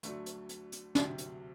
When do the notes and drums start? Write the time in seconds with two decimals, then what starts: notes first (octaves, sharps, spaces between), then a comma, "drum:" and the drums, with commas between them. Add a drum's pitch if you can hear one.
0.03 D2 D3 F#3 A3, drum: hi-hat
0.26 drum: hi-hat
0.49 drum: hi-hat
0.72 drum: hi-hat
0.95 D2 C3 F#3, drum: snare
1.18 drum: hi-hat